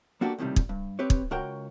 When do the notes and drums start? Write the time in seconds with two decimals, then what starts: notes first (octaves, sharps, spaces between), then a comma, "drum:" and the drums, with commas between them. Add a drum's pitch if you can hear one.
0.21 A#3 D4 F#4 G4 A4
0.39 C#2 A2 C3 D#3 G3
0.56 drum: kick
0.69 G2
0.99 C4 G4 B4 C#5
1.10 drum: kick
1.31 C#2 F#4 A#4 C#5 F#5 G5